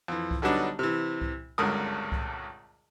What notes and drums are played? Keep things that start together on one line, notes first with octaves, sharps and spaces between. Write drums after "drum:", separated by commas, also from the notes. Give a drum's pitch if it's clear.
F2 E3
drum: kick C2
D3 F#3 G3 B3 D4 D#4
C3 E3
drum: kick C2
G#1 C#2 G2 D3 A#4 D#6
drum: kick C2